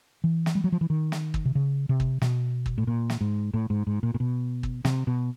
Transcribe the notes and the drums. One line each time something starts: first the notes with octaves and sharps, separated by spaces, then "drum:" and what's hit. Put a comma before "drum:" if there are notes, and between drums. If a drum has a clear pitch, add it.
E3
drum: snare
G3
F#3
F3
E3
D#3
drum: snare
drum: kick
C3
C#3
C3
drum: kick
B2, drum: snare
drum: kick
A2
A#2
drum: snare
G#2
A2
G#2
G#2
A#2
A#2
B2
drum: kick
C3, drum: snare
B2